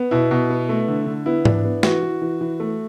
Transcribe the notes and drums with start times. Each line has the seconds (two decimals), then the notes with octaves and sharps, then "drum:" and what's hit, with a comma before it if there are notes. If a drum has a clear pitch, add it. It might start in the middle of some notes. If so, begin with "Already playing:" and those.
Already playing: B3
0.11 B2 E4
0.31 B2
0.50 B3
0.69 A3
0.88 D3
1.06 D3
1.26 B3 E4
1.45 D4, drum: tom G#2
1.64 B3
1.83 E3 F#4, drum: snare
2.02 E3
2.22 E3
2.41 E3
2.60 A3